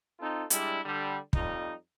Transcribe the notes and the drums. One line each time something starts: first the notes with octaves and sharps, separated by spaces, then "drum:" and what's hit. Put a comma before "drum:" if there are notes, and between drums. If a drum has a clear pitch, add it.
C4 D#4 F4 A4
G3 G#3 D4 E4, drum: hi-hat
D3 G3
F2 F3 G3 D#4, drum: kick